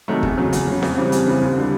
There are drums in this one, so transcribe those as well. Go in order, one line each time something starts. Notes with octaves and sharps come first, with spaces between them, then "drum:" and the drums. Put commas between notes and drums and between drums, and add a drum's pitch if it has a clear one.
C3 D#3 F#3 A3
E2, drum: kick
C#3 F#3
E2, drum: hi-hat
C#3 F#3
F2, drum: snare C#4
C#3 E3 G3 C4
F2, drum: hi-hat
C#3 E3 G3 C4
D#2
D3 G3